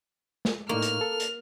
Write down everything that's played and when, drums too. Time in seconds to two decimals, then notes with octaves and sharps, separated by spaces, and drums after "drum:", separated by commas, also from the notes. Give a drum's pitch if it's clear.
0.45 drum: snare
0.69 A2 A#3 D#4 C#6 F6
0.82 drum: hi-hat
1.01 A4
1.20 drum: hi-hat